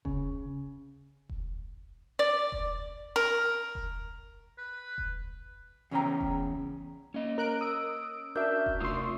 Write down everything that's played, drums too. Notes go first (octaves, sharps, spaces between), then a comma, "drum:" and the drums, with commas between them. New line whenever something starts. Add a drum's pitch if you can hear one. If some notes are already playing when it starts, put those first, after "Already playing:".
C#3, drum: kick E1
drum: kick E1
D5
drum: kick E1
A#4
drum: kick E1
B4
drum: kick E1
E2 C#3 C#4 C#5 G5 A#5
drum: kick E1
A#3 C#4 D#5
A#4 F#6 D7
D#6 E6 D7
D4 F#4 A#4 E5 G6
drum: kick E1
C3 A3 F4 C6 C#6 D#6 E6